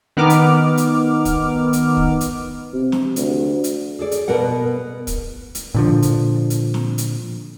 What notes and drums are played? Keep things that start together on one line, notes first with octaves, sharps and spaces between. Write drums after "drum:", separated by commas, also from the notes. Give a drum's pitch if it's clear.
D#3 B3 D#4 D6 F6
drum: hi-hat
drum: hi-hat
drum: kick, hi-hat
drum: hi-hat
drum: kick
drum: hi-hat
C3
drum: snare
D2, drum: hi-hat
drum: hi-hat
G#4 A4 D5
drum: hi-hat
B2 B3 A#4 F#5
drum: kick, hi-hat
drum: hi-hat
A#2 D3 F3
drum: hi-hat
drum: hi-hat
drum: snare
drum: hi-hat